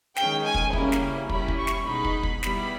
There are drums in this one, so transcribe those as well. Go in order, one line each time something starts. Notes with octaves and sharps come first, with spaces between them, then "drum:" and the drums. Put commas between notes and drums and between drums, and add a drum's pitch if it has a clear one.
D#3 G#3 C#4 G5, drum: snare
G#5
drum: kick
C#3 G3 A#3 C#4 E4, drum: kick
drum: snare
G3 C#4 E4 B5, drum: kick
drum: kick
C#6
drum: snare
B2 G#3 D#4 B5
drum: kick
drum: kick
G3 B3 E4, drum: snare